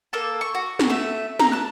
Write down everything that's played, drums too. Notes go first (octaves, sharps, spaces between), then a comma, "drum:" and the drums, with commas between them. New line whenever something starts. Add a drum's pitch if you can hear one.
A#3 A4 A5
C#6
F#4
drum: snare
A3 E5
A#5, drum: snare
A5 F#6